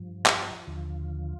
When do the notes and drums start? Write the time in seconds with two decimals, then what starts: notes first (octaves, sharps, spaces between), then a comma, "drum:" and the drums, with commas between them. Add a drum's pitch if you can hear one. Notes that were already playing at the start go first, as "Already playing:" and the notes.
Already playing: G2 F3
0.26 F4, drum: clap
0.34 G4
0.41 F4
0.67 D#2 D3 F3 F4